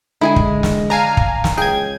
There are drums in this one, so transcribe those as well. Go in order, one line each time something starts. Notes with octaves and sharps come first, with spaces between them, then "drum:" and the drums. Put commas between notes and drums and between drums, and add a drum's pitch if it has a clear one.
D3 G#3 E4 G#4 G#5
drum: kick
drum: snare
D4 F5 G#5 A#5
drum: kick
drum: snare
C#2 G#4 G5 G#6